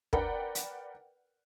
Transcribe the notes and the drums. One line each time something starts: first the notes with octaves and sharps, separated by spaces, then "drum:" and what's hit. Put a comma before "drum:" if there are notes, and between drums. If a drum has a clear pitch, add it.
A#4 B4 D5 F#5 G5, drum: kick
drum: hi-hat